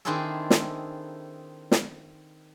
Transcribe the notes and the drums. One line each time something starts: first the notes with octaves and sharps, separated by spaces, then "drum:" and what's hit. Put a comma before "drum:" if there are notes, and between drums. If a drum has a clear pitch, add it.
D#3 C4 D4 E4 G#4 A4
drum: snare
drum: snare